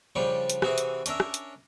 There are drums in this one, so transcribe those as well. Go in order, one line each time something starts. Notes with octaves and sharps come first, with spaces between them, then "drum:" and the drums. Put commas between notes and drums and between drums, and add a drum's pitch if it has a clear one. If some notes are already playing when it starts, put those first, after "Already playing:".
C#3 F3 G3 D4 C#6
drum: hi-hat
C3 E3 F#4 G#4, drum: rim click
drum: hi-hat
C#4 D4 A#4 E5, drum: hi-hat
drum: rim click
drum: hi-hat